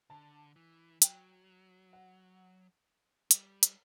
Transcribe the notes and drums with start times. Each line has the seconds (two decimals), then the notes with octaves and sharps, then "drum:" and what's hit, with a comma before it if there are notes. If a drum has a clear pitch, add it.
0.10 D3 A5
0.56 E3
1.02 F#3 G5, drum: hi-hat
1.93 F#5
3.31 G3, drum: hi-hat
3.63 drum: hi-hat